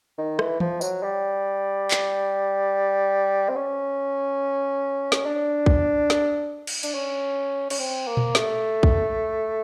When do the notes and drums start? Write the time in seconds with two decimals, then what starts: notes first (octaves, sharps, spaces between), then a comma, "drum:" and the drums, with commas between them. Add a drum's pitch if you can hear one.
0.18 D#3
0.39 E3, drum: rim click
0.60 F3, drum: tom E3
0.81 F#3, drum: tambourine
1.02 G3
1.91 drum: clap
3.49 C4
3.55 C#4
5.12 drum: snare
5.25 D4
5.66 drum: kick
6.10 drum: snare
6.67 drum: cymbal
6.83 D4, drum: hi-hat
6.94 C#4
7.70 C#4, drum: cymbal
7.79 C4
8.07 A#3
8.17 drum: tom A#2
8.35 A3, drum: snare
8.83 drum: kick